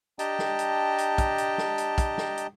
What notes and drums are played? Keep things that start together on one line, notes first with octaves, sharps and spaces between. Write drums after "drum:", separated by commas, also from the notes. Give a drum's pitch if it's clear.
D4 G4 D#5 G5 A5 A#5, drum: hi-hat
drum: snare
drum: hi-hat
drum: hi-hat
drum: kick, hi-hat
drum: hi-hat
drum: snare
drum: hi-hat
drum: kick, hi-hat
drum: snare
drum: hi-hat